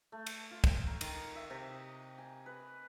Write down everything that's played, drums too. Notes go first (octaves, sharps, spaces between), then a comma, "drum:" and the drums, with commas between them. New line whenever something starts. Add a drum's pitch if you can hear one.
A3
drum: cymbal
F4
drum: kick, cymbal
A#5
D#3, drum: cymbal
E5
C3
D#5
G#5
B4